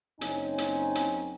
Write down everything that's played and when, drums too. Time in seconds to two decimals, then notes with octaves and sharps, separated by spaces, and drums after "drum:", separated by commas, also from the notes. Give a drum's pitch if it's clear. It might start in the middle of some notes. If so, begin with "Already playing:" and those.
0.21 F#1 F#2 C4 D#4 C#5 G#5, drum: hi-hat
0.58 drum: hi-hat
0.95 drum: hi-hat